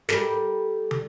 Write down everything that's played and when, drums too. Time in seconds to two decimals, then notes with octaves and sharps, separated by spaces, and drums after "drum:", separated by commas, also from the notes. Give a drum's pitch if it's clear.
0.09 G3 A4 A#4, drum: snare
0.91 drum: tom